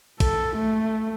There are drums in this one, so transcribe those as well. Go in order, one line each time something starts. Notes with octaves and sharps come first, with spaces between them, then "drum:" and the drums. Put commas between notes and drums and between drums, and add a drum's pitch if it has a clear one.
A4, drum: kick, cymbal
A3